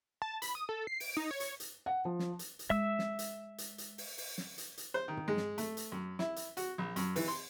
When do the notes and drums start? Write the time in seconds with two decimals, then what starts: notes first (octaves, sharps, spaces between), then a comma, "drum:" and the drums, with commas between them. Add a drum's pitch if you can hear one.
0.22 A5
0.42 B5, drum: hi-hat
0.55 D#6
0.69 A4
0.87 C7
1.00 D7, drum: open hi-hat
1.17 D#4
1.31 C#5
1.40 drum: hi-hat
1.60 drum: hi-hat
1.86 F#5
2.05 F3
2.19 drum: snare
2.39 drum: hi-hat
2.59 drum: hi-hat
2.70 G#3 E5 E6
2.99 drum: snare
3.19 drum: hi-hat
3.58 drum: hi-hat
3.78 drum: hi-hat
3.98 drum: open hi-hat
4.18 drum: open hi-hat
4.38 drum: snare
4.58 drum: hi-hat
4.78 drum: hi-hat
4.94 C5
5.08 D#3
5.17 drum: tom
5.28 G#3
5.37 drum: snare
5.58 A3, drum: hi-hat
5.77 drum: hi-hat
5.92 F#2
6.19 E4, drum: snare
6.36 drum: hi-hat
6.57 F#4, drum: hi-hat
6.78 A#1
6.96 F#2, drum: hi-hat
7.16 E3, drum: open hi-hat
7.28 C6